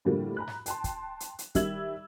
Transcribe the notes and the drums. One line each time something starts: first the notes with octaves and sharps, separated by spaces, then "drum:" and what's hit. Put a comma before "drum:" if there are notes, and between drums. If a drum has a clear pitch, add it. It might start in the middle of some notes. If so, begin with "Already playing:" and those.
A2 D3 F3 G3 A#3
A#5 B5 F#6
drum: snare G#2
G5 A5 C6, drum: hi-hat
drum: kick, hi-hat
drum: hi-hat
drum: hi-hat
D#3 G3 E5 E6 G#6 F#7, drum: kick, hi-hat